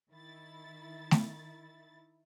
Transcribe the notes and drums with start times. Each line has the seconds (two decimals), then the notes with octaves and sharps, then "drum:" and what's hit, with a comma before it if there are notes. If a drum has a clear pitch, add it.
0.11 D#3 E4 A6
1.11 drum: snare A3